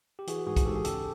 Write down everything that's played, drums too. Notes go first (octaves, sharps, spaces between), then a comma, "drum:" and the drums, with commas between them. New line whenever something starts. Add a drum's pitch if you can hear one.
G4
E3 F#4 G#4, drum: hi-hat
G#2 F#4 G#4
drum: kick, hi-hat
G#2 G4 A4
G#4
C#3 G4 A4, drum: hi-hat